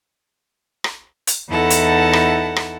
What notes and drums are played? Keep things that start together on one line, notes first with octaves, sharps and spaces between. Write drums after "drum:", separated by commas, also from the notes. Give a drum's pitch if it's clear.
drum: rim click
drum: hi-hat
E2 D#4 E4 A4 F#5 A5
drum: hi-hat
drum: rim click
drum: rim click